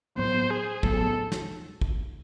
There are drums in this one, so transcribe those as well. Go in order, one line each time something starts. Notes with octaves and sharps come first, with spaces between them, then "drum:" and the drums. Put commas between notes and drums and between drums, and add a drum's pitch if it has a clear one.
A2 F#3 B3 C5
G#4
A2 F#3 B3 A4, drum: kick
drum: snare
drum: kick